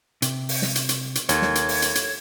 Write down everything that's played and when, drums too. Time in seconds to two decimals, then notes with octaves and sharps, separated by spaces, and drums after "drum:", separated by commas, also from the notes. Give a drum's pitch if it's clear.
0.22 C3, drum: hi-hat
0.49 drum: open hi-hat
0.62 drum: snare
0.75 drum: hi-hat
0.89 drum: hi-hat
1.15 drum: hi-hat
1.29 D#2 A4 C#5 G#6, drum: hi-hat
1.42 drum: snare
1.55 drum: hi-hat
1.69 drum: open hi-hat
1.82 drum: hi-hat
1.95 drum: hi-hat